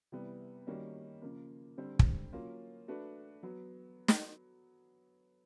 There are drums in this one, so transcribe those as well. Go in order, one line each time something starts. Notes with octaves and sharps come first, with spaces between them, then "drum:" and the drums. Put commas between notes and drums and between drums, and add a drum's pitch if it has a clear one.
C3 E3 G3 B3
D#3 G3 A#3 C#4 F#4
C#3 F3 A#3
D3 G3 C4
drum: kick
F#3 A#3 C#4 F4
A3 D4 F#4 B4
F#3 B3
drum: snare